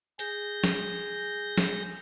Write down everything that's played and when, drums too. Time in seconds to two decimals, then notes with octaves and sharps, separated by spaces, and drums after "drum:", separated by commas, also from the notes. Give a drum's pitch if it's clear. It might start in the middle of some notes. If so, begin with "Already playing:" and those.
0.19 G#4 G6 A#6, drum: hi-hat
0.64 drum: snare
1.58 drum: snare